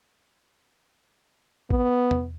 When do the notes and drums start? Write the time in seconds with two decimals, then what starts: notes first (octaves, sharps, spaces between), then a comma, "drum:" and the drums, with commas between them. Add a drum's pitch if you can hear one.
1.70 B3, drum: kick A1
2.11 drum: tom E2